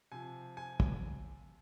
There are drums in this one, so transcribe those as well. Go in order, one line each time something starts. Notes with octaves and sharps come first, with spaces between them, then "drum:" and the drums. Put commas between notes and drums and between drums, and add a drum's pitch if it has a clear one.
C3 F3 G#5
G#5
drum: kick